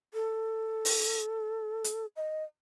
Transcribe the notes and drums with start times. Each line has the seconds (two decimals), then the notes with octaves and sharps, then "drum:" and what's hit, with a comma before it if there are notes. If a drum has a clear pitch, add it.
0.14 A4
0.85 drum: open hi-hat
1.84 drum: hi-hat
2.16 D#5